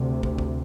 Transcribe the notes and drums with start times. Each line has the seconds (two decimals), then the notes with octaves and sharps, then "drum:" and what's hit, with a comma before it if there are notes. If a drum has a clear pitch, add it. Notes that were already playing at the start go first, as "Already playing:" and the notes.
Already playing: D2 C3
0.23 drum: kick
0.38 drum: kick